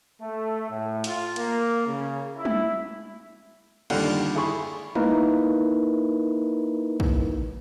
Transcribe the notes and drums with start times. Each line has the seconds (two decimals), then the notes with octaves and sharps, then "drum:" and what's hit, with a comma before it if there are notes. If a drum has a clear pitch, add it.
0.19 A3
0.69 A2
1.04 F4, drum: hi-hat
1.36 A#3, drum: cymbal
1.87 C#3
2.36 E4
2.45 drum: tom
3.90 D#2 D3 G3 F4 F5 F#5, drum: cymbal
4.35 E4 G#4 B5 C#6
4.95 A#3 D#4 E4 A#4 B4, drum: tom
7.00 drum: kick